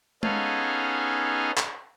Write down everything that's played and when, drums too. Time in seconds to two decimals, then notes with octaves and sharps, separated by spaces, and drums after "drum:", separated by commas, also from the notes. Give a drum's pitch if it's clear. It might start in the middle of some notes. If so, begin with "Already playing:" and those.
0.23 B3 C#4 D#4 G#4 A4 F5, drum: tom G#3
1.57 drum: clap